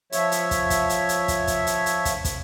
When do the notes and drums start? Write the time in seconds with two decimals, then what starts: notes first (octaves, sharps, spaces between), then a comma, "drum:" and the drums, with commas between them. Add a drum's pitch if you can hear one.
0.12 F3 C#5 E5, drum: hi-hat
0.32 drum: hi-hat
0.51 drum: kick, hi-hat
0.70 drum: kick, hi-hat
0.90 drum: hi-hat
1.09 drum: hi-hat
1.28 drum: kick, hi-hat
1.47 drum: kick, hi-hat
1.67 drum: hi-hat
1.86 drum: hi-hat
2.05 drum: kick, hi-hat
2.25 drum: kick, hi-hat